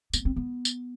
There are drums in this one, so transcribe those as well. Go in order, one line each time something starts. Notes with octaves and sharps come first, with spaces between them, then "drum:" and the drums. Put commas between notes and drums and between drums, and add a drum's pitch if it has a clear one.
B3, drum: tambourine
C4
B3
drum: tambourine